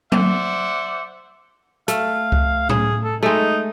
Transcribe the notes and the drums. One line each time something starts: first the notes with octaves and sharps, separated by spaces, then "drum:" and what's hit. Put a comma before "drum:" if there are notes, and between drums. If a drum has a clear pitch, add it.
C5 D5 E5 F#5, drum: tom F#3
A3 F5, drum: hi-hat
drum: kick C#2
G#4, drum: tom A2
A4
G#3 A3 D#4